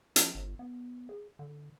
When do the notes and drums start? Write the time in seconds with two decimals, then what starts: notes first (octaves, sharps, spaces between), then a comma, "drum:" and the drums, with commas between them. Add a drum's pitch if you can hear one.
0.16 F3, drum: hi-hat
0.35 G1
0.59 B3
1.09 G#4
1.39 D3